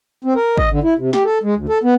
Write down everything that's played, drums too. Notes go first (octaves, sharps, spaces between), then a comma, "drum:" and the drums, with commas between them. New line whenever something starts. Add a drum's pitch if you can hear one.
C4
A#4
D#5, drum: kick
D3
E4
C3
G4, drum: snare
A4
G#3
D2
A4
B3